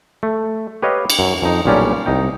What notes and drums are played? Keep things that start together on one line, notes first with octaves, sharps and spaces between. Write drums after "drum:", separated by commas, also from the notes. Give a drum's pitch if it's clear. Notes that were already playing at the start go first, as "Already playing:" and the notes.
A3
G4 B4 C#5 D#5 F5
drum: cymbal
F#2
F2 D#4
B1 A#2 G3 C#4 D4 G4
C2 D#4 G5